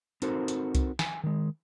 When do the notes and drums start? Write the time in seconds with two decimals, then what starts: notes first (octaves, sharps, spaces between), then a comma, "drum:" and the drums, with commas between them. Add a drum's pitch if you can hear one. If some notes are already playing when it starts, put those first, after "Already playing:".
0.22 C4 D#4 F#4 A4 A#4 C5, drum: hi-hat
0.48 drum: hi-hat
0.75 drum: kick C2, hi-hat
0.99 G#5, drum: snare
1.24 D#3 G#3